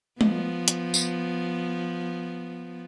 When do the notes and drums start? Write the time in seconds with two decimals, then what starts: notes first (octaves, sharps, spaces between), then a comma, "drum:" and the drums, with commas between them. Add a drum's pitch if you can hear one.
0.21 F3 B3, drum: tom G#3
0.68 drum: hi-hat
0.94 drum: tambourine